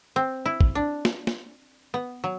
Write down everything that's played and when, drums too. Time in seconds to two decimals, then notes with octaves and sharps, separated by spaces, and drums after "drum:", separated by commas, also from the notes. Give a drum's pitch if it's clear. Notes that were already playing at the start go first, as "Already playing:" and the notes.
0.16 C4
0.46 E4
0.61 drum: kick
0.75 D4
1.05 drum: snare
1.27 drum: snare
1.94 B3
2.24 F#3